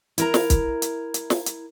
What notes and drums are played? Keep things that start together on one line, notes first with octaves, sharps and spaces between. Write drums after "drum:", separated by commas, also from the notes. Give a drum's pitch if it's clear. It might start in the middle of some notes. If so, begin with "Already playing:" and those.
E4 A#4 A#5, drum: hi-hat
drum: snare
drum: kick, hi-hat
drum: hi-hat
drum: hi-hat
drum: snare
drum: hi-hat